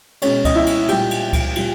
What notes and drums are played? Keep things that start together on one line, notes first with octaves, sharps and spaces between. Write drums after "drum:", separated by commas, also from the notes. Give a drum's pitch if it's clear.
B2 G#3 C#4 C#5, drum: cymbal
D#5, drum: kick C#2, cymbal
E4 E5
drum: cymbal
A#2 G3 G4 G5, drum: cymbal
drum: cymbal
drum: kick C#2, cymbal
A#2 G3, drum: cymbal